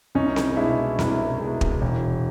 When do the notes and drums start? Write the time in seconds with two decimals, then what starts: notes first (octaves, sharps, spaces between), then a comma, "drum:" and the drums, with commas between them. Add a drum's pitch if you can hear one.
0.15 C2 C#4 D#4
0.36 drum: snare C4
0.57 B2 G#3 D4 E4
0.99 C2, drum: snare C4
1.40 B2 G#3
1.61 drum: kick
1.82 E1